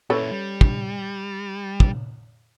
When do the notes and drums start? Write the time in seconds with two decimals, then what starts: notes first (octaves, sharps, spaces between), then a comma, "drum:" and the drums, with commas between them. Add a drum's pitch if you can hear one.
0.10 A#2 C#4 E4 A4 B4
0.31 G3
0.61 drum: kick
1.80 drum: kick